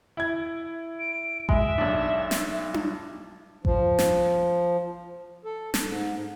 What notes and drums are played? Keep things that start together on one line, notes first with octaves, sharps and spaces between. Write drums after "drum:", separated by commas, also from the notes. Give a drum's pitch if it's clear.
E4 G#6
D7
G#3 E5, drum: kick A1
B1 D4
drum: snare
drum: tom D4
F3, drum: kick A1
drum: snare
A4
drum: snare
G#2